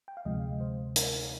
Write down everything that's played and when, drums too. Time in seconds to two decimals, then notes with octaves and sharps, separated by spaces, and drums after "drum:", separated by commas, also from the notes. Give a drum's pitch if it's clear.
0.08 G5
0.17 F5
0.25 D2 C3 F3 G#3 D#5
0.60 C5
0.96 A#4, drum: hi-hat